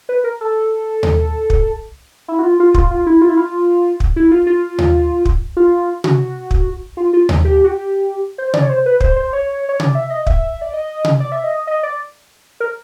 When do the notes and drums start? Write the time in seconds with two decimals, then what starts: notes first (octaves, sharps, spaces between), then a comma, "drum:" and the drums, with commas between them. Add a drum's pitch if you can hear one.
0.09 B4
0.24 A#4
0.41 A4
1.03 drum: tom D#2
1.50 drum: kick
2.28 E4
2.39 F#4
2.43 F4
2.60 F4
2.74 F4, drum: kick
2.91 F4
3.06 E4
3.21 F4
3.29 E4
3.37 F4
4.00 drum: kick
4.16 E4
4.31 F4
4.47 F4
4.78 drum: tom D#2
5.25 drum: kick
5.57 F4
6.04 F#4, drum: tom C3
6.51 drum: kick
6.97 F4
7.13 F4
7.29 drum: tom D#2
7.45 G4
7.64 F#4
7.68 G4
8.38 C5
8.54 D5, drum: tom C3
8.62 C#5
8.69 C5
8.86 B4
9.00 C5, drum: kick
9.16 C5
9.33 C#5
9.69 C#5
9.80 D5, drum: tom C3
9.95 E5
10.10 D#5
10.27 E5, drum: kick
10.61 D5
10.74 D#5
11.05 drum: tom C3
11.20 D5
11.32 E5
11.44 D#5
11.67 D#5
11.83 D5
12.60 A#4